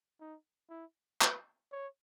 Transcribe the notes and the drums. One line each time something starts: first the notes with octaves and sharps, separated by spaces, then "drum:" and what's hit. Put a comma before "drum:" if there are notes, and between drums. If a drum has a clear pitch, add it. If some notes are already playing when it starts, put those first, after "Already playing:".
D#4
E4
B4, drum: clap
C#5